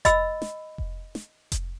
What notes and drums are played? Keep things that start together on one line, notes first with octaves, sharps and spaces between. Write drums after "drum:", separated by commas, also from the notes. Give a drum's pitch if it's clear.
D#5 B5 E6, drum: kick F1, hi-hat
drum: snare
drum: kick F1
drum: snare
drum: kick F1, hi-hat